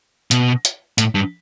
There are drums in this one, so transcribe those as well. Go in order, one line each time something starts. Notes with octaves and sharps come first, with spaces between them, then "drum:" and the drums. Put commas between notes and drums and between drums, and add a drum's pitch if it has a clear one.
B2, drum: hi-hat
drum: hi-hat
A2, drum: hi-hat
G2